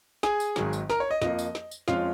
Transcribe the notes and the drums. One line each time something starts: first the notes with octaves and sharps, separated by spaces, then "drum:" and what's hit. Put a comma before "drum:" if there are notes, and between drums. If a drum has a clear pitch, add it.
G#4 G#5, drum: snare
drum: tambourine
G#1 G#2 D#3 F#3, drum: snare
drum: tambourine
A#4 A#5, drum: snare
C#5
D#5
F2 F3 A#3 D#5, drum: snare
drum: tambourine
drum: snare
drum: tambourine
F2 F3 G#3 C#4 F4 F5, drum: snare